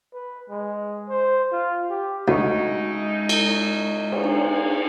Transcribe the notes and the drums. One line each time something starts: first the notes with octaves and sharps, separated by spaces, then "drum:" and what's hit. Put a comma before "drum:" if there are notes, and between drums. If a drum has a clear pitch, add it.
B4
G#3
C5
F4
G4
D2 C#3 G#3 A3 D#4 F#4
drum: cymbal
drum: cymbal